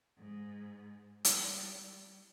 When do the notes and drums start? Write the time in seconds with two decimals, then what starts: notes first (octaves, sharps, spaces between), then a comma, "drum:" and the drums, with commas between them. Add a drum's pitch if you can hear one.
0.18 G#2
1.25 G3, drum: hi-hat